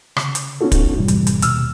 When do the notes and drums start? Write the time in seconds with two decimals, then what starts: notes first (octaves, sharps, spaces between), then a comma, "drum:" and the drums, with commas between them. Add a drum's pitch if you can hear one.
0.17 C#3, drum: rim click
0.35 drum: hi-hat
0.61 B3 C#4 D#4 F4 F#4 A4
0.72 drum: kick, hi-hat
0.98 F#2 A2 C3 E3 G3
1.08 drum: hi-hat
1.27 drum: hi-hat
1.42 D#2 B2 E6 F6, drum: hi-hat